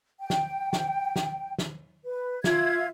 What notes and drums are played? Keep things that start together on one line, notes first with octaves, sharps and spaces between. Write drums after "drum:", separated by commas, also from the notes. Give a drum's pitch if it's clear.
G5
drum: snare
drum: snare
drum: snare
drum: snare
B4
F4 E5 G#6, drum: snare